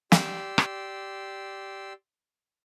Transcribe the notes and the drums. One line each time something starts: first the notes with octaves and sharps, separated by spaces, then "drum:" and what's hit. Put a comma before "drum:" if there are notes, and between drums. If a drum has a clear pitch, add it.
G4 D5 C6 E6, drum: snare
drum: rim click